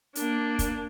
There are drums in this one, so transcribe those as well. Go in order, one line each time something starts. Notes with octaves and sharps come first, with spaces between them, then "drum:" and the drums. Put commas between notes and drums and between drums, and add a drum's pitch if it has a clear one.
A#3 D4, drum: hi-hat
drum: kick, hi-hat